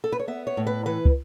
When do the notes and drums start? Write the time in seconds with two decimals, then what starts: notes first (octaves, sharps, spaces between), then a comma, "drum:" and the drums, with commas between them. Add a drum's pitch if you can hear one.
0.04 A4
0.12 B4
0.19 C#5
0.28 B3 E5
0.47 C#5
0.57 A2
0.67 B4
0.86 E3 B4
1.05 drum: kick